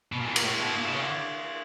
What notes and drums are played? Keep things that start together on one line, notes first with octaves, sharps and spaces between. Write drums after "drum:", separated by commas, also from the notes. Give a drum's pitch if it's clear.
B2
A#2
E3
A#2, drum: cymbal
A2
B2
A#2
B2
C#3
D3